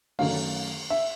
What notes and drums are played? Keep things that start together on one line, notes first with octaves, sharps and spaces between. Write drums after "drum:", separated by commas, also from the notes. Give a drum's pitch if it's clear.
F#2 D#3 F#3 A3 F5, drum: cymbal
E5